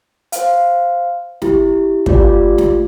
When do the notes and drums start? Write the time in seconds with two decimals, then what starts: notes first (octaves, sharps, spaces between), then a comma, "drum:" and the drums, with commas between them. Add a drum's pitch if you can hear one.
0.32 C5 F5, drum: hi-hat
1.42 E4 G4, drum: snare
2.06 A3 F4 G4 D5, drum: kick
2.58 drum: snare